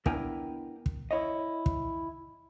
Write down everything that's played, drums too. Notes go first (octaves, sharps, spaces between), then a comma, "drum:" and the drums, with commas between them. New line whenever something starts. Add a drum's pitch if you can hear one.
B3 D4 E4 A#4 G5 G#5, drum: kick
drum: kick
E4 C#5 D#5
drum: kick